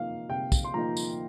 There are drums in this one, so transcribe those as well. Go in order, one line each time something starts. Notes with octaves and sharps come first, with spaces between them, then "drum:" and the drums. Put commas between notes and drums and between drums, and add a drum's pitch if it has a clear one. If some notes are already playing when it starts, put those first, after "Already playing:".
Already playing: C3 F3 A#3 D#4 F5
C3 G5
drum: kick, tambourine
C6
F3 A#3 D#4 A#5
drum: tambourine